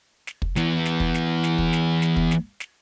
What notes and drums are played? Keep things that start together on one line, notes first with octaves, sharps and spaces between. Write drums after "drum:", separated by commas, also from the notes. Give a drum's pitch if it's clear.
drum: snare
drum: kick
E3 B3, drum: snare
drum: snare
drum: kick
drum: snare
drum: snare
drum: kick
drum: snare
drum: snare
drum: kick
drum: snare
drum: snare